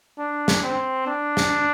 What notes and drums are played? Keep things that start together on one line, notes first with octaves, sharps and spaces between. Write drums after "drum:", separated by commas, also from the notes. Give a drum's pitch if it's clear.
D4
drum: snare
C4
D4
drum: snare